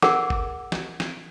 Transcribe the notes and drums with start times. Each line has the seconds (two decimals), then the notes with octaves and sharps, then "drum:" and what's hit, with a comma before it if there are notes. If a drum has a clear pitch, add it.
0.02 G#4 A#4 F#5 D6, drum: snare
0.30 drum: kick G1
0.72 drum: snare
1.00 drum: snare